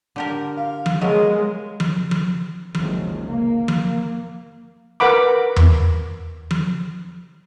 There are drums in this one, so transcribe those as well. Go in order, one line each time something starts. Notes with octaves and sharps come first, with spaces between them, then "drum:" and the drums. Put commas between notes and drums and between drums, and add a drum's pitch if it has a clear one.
D3 G4 A#4
F5
drum: tom F3
F#3 G#3 B3 A#4 D#5
drum: tom F3
drum: tom F3
F#1 C#2 C3 D#3 F3 C#4, drum: tom F3
A#3
drum: tom F3
A#4 B4 F#5 B5 D6
drum: tom E2
drum: tom F3